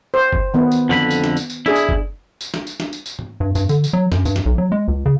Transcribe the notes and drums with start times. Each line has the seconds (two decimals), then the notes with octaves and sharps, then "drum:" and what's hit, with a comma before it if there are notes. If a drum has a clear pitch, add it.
0.14 C5
0.33 drum: kick F#1
0.54 D#3 B3
0.72 drum: tambourine
0.89 F2 D3 B5
1.11 drum: tambourine
1.24 drum: snare
1.37 drum: tambourine
1.50 drum: tambourine
1.66 D4 E4 G#4
1.76 drum: tambourine
1.89 drum: kick F#1
2.41 drum: tambourine
2.54 drum: snare
2.67 drum: tambourine
2.80 drum: snare
2.93 drum: tambourine
3.06 drum: tambourine
3.19 drum: tom G#2
3.40 G2
3.55 G2, drum: tambourine
3.69 D3, drum: tambourine
3.84 drum: tambourine
3.93 F#3
4.12 F#2, drum: snare
4.25 G2, drum: tambourine
4.36 drum: snare
4.46 B1
4.58 F#3
4.72 G#3
4.88 C#2
5.06 C#3